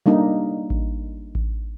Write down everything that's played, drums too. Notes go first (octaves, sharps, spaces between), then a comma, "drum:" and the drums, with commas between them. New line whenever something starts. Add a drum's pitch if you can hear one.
G3 A#3 D4 D#4
drum: kick A1
drum: kick A1